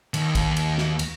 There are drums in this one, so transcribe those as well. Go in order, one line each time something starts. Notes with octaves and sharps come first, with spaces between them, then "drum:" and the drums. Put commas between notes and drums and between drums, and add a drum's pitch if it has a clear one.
D#2, drum: cymbal
drum: kick, cymbal
drum: cymbal
drum: snare
drum: cymbal